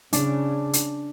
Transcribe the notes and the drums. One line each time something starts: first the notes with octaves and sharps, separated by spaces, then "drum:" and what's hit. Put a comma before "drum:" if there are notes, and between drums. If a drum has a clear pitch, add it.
C#3 D4, drum: hi-hat
drum: hi-hat